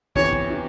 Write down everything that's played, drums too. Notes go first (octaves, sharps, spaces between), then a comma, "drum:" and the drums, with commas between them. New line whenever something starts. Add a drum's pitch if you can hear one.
E2 C3 E3 C#5, drum: kick
drum: kick
C3 E3